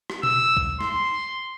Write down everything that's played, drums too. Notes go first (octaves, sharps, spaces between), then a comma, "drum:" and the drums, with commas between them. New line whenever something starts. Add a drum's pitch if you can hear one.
drum: rim click
E6, drum: tom B2
drum: kick B1
C6, drum: snare